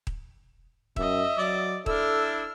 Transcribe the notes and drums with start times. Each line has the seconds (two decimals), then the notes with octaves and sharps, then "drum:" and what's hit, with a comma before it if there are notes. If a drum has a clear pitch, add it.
0.07 drum: kick D#1
0.96 F#2 D#5 E5, drum: kick D#1
1.38 F#3 D5
1.86 D4 E4 A4 E6 F6, drum: kick D#1